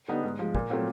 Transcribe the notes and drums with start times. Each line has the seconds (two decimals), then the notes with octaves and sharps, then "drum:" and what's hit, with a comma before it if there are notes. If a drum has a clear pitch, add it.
0.08 D3 G3 B3 D#4
0.24 G#2
0.39 F3 G#3
0.55 A#2, drum: kick
0.70 F#3 A3 C4 F4